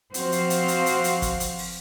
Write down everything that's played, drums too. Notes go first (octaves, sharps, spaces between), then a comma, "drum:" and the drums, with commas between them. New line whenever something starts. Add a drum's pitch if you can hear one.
F3 C4 F#4 C5 F5, drum: hi-hat
drum: hi-hat
drum: hi-hat
drum: hi-hat
drum: hi-hat
drum: hi-hat
drum: kick, hi-hat
drum: hi-hat
drum: open hi-hat